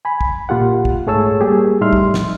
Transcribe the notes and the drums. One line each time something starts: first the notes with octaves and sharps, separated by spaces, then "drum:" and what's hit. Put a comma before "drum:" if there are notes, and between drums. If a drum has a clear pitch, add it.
G#5 B5
drum: kick
A#2 F4 G4 F#5
drum: kick
G#2 A3 G#4 C#5 A5 E6
G3 A#3 G4 G#4
A2 G3 D#4 E5 C6 F6
drum: kick
drum: snare